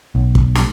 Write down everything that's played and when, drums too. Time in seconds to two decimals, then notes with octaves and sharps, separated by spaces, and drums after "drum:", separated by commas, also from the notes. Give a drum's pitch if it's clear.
0.15 B1
0.35 drum: kick
0.55 drum: snare